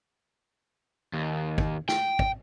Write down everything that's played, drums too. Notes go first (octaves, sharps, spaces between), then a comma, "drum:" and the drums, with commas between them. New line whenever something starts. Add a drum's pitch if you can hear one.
D#2
drum: kick
G5, drum: snare
drum: kick